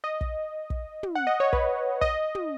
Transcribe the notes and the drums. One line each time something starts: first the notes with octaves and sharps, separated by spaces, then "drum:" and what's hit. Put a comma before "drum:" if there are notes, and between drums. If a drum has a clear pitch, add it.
D#5
drum: kick
drum: kick
drum: tom
F#5
D#5
C#5
B4, drum: kick
D#5, drum: kick
drum: tom